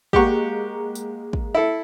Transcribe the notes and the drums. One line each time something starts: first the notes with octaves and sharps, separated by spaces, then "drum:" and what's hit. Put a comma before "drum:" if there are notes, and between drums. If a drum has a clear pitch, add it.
G#3 A#3 G4 F#5 C#6, drum: kick
drum: tambourine
drum: kick
E4 A4